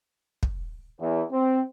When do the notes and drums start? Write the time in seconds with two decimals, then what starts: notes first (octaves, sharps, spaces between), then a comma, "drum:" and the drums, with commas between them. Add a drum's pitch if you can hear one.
0.43 drum: kick
1.00 E2
1.32 C4